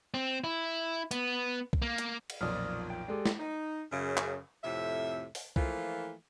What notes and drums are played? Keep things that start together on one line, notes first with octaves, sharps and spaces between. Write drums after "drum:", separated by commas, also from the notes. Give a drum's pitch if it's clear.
C4
E4
B3, drum: hi-hat
drum: kick C2
A#3
drum: hi-hat
drum: cymbal
B1 F2 A#2 D5 D#6 F6
G5
G#3 G4 A4 D5
drum: snare
D#4
F#2 C#3
drum: clap
F2 A2 C3 E5
drum: open hi-hat
E3 F3 A3 A#3 F4, drum: kick C2